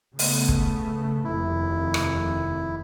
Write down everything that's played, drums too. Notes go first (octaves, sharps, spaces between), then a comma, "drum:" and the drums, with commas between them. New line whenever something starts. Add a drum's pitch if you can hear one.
C#3 A3 B3, drum: open hi-hat
drum: kick
F1 D#2 E4
drum: rim click